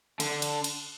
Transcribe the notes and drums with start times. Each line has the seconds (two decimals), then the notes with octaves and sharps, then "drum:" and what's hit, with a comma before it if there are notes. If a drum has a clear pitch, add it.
0.20 D3, drum: cymbal
0.42 drum: cymbal
0.64 drum: cymbal